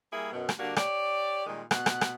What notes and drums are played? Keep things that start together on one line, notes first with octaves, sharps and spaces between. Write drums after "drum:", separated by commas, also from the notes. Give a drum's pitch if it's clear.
G3 A#3 E4 G#4
F#2 B2
drum: rim click
D3 G3 A#3 D4 F#4
G4 C#5 D5, drum: rim click
A#2 D#3 G3 G#3
B2 F#5, drum: rim click
drum: rim click
drum: rim click